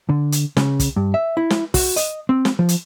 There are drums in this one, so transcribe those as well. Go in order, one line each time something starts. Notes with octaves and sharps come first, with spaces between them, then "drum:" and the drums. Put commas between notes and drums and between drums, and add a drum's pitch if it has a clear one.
D3
drum: hi-hat
C#3, drum: snare
drum: kick, hi-hat
G2
E5
E4
drum: snare
F#4, drum: kick, open hi-hat
D#5, drum: hi-hat
C4
drum: snare
F3
drum: hi-hat